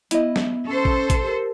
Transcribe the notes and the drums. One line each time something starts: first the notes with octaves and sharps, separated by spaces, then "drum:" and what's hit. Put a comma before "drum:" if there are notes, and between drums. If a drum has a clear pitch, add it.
B3 E4 D#5, drum: hi-hat
drum: snare
C#4 A4 C5
drum: kick A1
drum: kick A1, hi-hat
G4 A#4